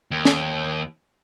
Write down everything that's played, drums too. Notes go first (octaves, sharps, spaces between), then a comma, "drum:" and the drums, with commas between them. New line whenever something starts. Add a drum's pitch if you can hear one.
D#2
drum: snare